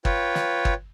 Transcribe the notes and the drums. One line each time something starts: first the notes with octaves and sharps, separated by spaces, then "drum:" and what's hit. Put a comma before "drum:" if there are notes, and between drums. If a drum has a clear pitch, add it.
F4 B4 C#5 G5, drum: kick
drum: snare
drum: kick